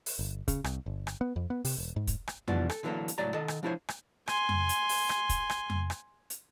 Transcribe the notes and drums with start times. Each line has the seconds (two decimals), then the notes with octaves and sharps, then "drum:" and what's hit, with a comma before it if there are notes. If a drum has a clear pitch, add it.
0.06 drum: open hi-hat
0.19 G1
0.48 C#3, drum: kick, hi-hat
0.64 C2, drum: rim click
0.86 G1
1.07 drum: rim click
1.21 B3
1.36 F2
1.50 B3
1.65 C3, drum: open hi-hat
1.78 E1
1.96 G#2
2.07 drum: kick, hi-hat
2.27 drum: rim click
2.48 B2 E3 F3 G3 D4 F#4, drum: tom F2
2.70 A4, drum: rim click
2.83 D3 E3 F#3 A#3 D4 A4
3.08 drum: hi-hat
3.18 C#2 A2 F#3 D5 A#5
3.34 D#3 A4 D#5
3.48 drum: rim click
3.63 F3 D4 E4 A#4 C5 C#5
3.89 drum: rim click
4.28 G#5 C6, drum: rim click
4.49 drum: tom F2
4.69 drum: hi-hat
4.89 drum: open hi-hat
5.09 drum: rim click
5.29 drum: kick, hi-hat
5.50 drum: rim click
5.70 drum: tom F2
5.90 drum: rim click
6.30 drum: hi-hat